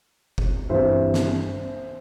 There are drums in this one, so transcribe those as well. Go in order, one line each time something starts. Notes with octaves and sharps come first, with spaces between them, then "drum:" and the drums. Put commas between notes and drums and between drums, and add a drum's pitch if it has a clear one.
drum: kick F#1
G2 E3 G3 C4 C5 E5
drum: snare